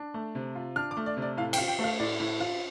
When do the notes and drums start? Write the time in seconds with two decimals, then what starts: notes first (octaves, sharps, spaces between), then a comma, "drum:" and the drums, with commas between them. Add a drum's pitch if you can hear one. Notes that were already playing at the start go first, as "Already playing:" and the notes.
Already playing: D4
0.14 A3
0.35 C3
0.55 F4
0.76 D4 F6
0.91 D6
0.97 A3
1.06 D5
1.17 C3
1.22 D5
1.37 A2 F5
1.53 G5, drum: cymbal
1.58 F4
1.68 G5
1.79 A3, drum: cymbal
1.84 F5
1.99 A2 D5
2.20 A2
2.40 F4